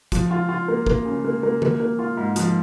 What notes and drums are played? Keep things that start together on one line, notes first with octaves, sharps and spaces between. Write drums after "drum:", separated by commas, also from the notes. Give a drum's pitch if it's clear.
F3, drum: kick G1, hi-hat
F4
F4
A#3
A#3, drum: kick G1
C#3
A#3
A#3
A#3, drum: tom D#3
A#3
F4
G#2
F3, drum: hi-hat